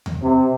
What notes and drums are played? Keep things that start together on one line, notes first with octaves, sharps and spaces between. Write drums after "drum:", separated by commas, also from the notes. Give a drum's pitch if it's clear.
drum: tom E2
C3